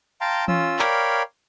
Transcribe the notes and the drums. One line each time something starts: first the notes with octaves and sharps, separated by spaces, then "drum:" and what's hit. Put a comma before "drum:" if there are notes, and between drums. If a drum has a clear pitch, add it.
F5 G5 A5 A#5 C6
C#4 F4 E6, drum: tom E3
A#4 C#5 D5 F5 G5 B5, drum: clap